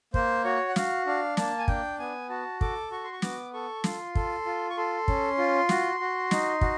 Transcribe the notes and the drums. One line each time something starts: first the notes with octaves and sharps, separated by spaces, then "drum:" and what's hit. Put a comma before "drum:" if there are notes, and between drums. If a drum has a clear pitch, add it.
A#3 C5, drum: kick
F#4 C#5
F#5
F#4 F5, drum: snare
D4 F5
A#3 A5, drum: snare
G#5
D4 G5, drum: kick
B3 G#5
F#4 A5
A4 D6, drum: kick
F#4 C#6
C6
C#6
B3 D6, drum: snare
A4 C#6
F4 C6, drum: snare
A4, drum: kick
F4
C#6
A4 C6
C#4, drum: kick
F4
F#4, drum: snare
F#4
D#4, drum: snare
F#4, drum: kick